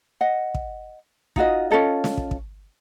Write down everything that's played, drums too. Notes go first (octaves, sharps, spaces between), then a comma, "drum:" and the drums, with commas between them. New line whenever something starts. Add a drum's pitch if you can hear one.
D#5 F#5
drum: kick
D#4 F4 F#4 D#5, drum: kick
C#4 F4 A4 D#5
drum: snare
drum: kick
drum: kick